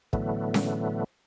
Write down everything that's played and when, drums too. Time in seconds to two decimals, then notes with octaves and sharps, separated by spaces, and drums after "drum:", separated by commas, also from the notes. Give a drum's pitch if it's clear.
0.13 A2 D3 E3 F#3 A3 B3, drum: kick
0.54 drum: snare C#4